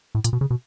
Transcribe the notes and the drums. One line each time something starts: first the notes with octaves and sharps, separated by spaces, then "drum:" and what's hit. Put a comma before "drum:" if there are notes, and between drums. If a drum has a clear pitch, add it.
A2
A#2, drum: hi-hat
B2
C#3
B2